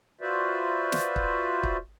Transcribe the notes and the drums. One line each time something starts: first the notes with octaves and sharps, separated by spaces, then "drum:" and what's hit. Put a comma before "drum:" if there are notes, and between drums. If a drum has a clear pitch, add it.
F4 F#4 B4 C5 D5 E5
drum: snare
drum: kick
drum: kick